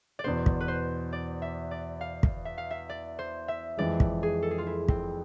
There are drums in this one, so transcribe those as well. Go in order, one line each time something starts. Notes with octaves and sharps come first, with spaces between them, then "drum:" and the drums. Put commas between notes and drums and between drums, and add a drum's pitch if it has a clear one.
D5
E2 B2 B3 C5
drum: kick
B4
C5
D5
E5
D5
F5
drum: kick
E5
F5
E5
D5
C5
E5
F2 E3 G#3 D5
drum: kick
G#4
A4
G#4
F4
E4
C4, drum: kick